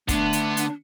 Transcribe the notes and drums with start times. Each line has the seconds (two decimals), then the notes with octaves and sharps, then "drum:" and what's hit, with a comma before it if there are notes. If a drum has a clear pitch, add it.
0.09 D3 A3 B3 D4, drum: kick, hi-hat
0.33 drum: hi-hat
0.57 drum: hi-hat